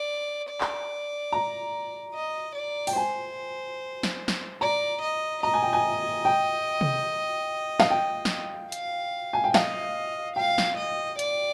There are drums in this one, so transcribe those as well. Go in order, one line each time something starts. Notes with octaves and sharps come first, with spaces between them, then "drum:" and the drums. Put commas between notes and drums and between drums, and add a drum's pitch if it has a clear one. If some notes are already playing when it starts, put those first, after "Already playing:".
Already playing: D5
D5
drum: clap
A#5
D#5
D5
G5, drum: open hi-hat
C5 G#5
drum: snare
drum: snare
D5 A#5
D#5
D#5 A#5
G#5
G5
G#5
G5
drum: tom C3
F5, drum: snare
G5
drum: snare
F5, drum: hi-hat
G#5
G5
D#5 F5, drum: snare
F5 G5
drum: snare
D#5
D5, drum: hi-hat